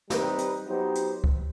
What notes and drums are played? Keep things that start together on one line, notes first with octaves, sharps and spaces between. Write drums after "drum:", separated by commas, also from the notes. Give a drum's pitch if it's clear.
G3 C4 D#4 G4 B4, drum: snare
drum: hi-hat
F#3 B3 D#4 G4 C5
drum: hi-hat
drum: kick C#2